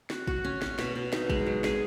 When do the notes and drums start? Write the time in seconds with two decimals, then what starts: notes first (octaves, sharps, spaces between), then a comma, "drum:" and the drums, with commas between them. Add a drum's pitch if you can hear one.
0.10 F#4, drum: snare
0.27 F#4, drum: kick
0.44 C#4
0.62 C#4, drum: snare
0.79 B2, drum: snare
0.95 B2
1.13 D#4, drum: snare
1.30 G#3, drum: kick
1.46 F#3
1.64 G#4, drum: snare